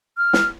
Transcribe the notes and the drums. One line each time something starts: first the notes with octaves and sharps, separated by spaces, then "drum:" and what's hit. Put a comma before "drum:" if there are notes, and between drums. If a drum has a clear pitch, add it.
F6
drum: snare